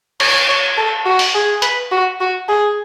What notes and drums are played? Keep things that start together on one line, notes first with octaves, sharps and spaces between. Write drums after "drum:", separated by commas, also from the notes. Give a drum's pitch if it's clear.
C#5, drum: cymbal
C#5
A4
F#4
drum: open hi-hat
G#4
B4, drum: hi-hat
F#4
F#4
G#4